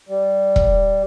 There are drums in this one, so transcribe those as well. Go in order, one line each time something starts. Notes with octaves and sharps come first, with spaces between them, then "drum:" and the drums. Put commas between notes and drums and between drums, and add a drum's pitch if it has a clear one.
G3
drum: kick E1